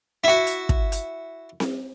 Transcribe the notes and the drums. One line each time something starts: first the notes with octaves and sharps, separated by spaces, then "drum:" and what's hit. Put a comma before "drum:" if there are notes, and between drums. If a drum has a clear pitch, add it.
E4 F#4
drum: hi-hat
drum: kick
drum: hi-hat
drum: snare C4